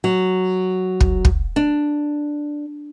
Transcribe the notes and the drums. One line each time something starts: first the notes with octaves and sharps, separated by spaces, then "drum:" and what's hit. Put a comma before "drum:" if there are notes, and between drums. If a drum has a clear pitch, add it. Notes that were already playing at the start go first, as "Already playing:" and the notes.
F#3
drum: kick
drum: kick
D4